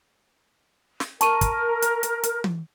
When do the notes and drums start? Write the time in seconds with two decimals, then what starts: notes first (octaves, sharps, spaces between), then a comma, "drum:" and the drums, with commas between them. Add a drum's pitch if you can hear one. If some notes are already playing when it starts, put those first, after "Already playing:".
1.00 drum: snare
1.21 A#4 A5 C#6 D#7, drum: hi-hat
1.41 drum: kick, hi-hat
1.82 drum: hi-hat
2.03 drum: hi-hat
2.23 drum: hi-hat
2.44 drum: tom E3